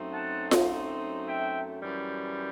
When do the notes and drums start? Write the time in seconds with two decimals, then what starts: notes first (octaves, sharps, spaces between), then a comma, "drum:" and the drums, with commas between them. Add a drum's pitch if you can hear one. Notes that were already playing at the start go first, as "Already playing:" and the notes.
Already playing: F#2 F#3 A3 C4 D#4
0.12 F#5 A5
0.51 drum: snare F4
1.26 E5 G5
1.82 F#2 E3 G3